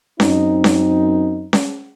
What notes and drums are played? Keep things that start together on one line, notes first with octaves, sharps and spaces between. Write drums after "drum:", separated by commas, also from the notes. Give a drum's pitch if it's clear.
F#2 C4 D#4, drum: snare C#4
drum: snare C#4
drum: snare C#4